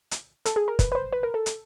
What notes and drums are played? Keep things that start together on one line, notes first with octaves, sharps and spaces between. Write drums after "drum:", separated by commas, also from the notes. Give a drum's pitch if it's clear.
drum: hi-hat
A4, drum: hi-hat
G#4
A#4
B4, drum: kick, hi-hat
B4
C5
B4
A#4
A4
drum: hi-hat